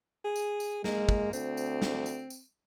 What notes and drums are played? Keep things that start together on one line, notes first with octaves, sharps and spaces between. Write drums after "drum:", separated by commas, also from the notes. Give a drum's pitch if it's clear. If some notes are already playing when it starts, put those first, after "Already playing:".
G#4
drum: tambourine
drum: tambourine
G#3 A#3, drum: snare
drum: kick
D2 C4, drum: tambourine
drum: tambourine
drum: snare
drum: tambourine
drum: tambourine